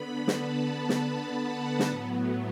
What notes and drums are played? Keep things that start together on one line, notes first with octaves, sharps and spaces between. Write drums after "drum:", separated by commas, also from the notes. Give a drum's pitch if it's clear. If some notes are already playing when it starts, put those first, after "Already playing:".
Already playing: D3 B3 B5
A5, drum: snare
drum: snare
F#5
drum: snare
A2 F#3 B3